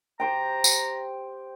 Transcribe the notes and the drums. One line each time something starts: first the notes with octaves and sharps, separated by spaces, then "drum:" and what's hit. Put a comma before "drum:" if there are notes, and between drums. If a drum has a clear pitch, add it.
G4 C5 G5 A#5
drum: tambourine